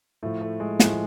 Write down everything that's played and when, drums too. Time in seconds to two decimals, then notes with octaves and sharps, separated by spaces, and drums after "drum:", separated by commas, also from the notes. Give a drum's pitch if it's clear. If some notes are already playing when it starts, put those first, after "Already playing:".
0.23 A2 F3 A3
0.41 A3
0.60 G#3
0.80 A2 F3 G#3, drum: snare